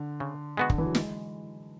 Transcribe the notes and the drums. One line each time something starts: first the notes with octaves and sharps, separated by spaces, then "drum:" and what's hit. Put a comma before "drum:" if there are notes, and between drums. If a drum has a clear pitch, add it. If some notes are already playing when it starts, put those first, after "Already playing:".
Already playing: D3
C#3
G#3 B3 F#4
D3, drum: kick
E3
F#3
G#3, drum: snare